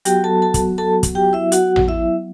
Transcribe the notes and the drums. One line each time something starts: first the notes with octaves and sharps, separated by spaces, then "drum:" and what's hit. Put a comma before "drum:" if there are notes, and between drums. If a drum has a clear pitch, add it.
F#3 B3 F#4 G4 G5, drum: hi-hat
A4 A5
A4 A5
drum: kick, hi-hat
A4 A5
drum: kick, hi-hat
G4 G5
E4 E5
F#4 F#5, drum: hi-hat
drum: tom A1
E4 E5